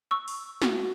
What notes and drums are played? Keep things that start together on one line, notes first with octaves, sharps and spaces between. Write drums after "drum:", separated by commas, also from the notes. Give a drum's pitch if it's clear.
C#6 E6
drum: open hi-hat
F#4, drum: snare